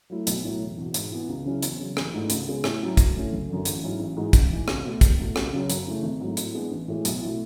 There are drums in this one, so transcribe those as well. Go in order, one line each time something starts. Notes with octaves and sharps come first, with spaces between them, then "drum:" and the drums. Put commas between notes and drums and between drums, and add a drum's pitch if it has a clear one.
F#3 A3 E4
B1, drum: hi-hat
A2 F#3
E1
E2 B2
G#2, drum: hi-hat
E3 B3
C#2
C#3 F#3 C#4 E4
E2, drum: hi-hat
C#3 F#3
A1, drum: rim click
G#2 E3 A3 D4
C#2, drum: hi-hat
C#3 G#3 B3
A2, drum: rim click
F#3 C#4 E4
D2, drum: kick, hi-hat
D3 A3 C#4 E4
F#1
F#2 D3
A1, drum: hi-hat
G#2 F#3 C#4 E4
A1
G#2 E3 G#3
A1, drum: kick, hi-hat
G#2 E3
C#2, drum: rim click
B2 A3
E1, drum: kick, hi-hat
E2 B2 A3
C#2, drum: rim click
C#3 F#3 C#4
F#2, drum: hi-hat
C#3 E3 A3
G#1
G#2 F#3 A3 E4
A2, drum: hi-hat
E3 G#3 B3 D4
A1
A2 E3 G#3
B1, drum: hi-hat
B2 A3 E4